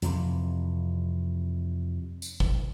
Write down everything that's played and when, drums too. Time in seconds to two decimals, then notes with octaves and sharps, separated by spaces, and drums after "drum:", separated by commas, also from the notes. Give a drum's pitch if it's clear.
0.02 F2 C3 E3, drum: hi-hat
2.22 drum: tambourine
2.40 drum: kick G1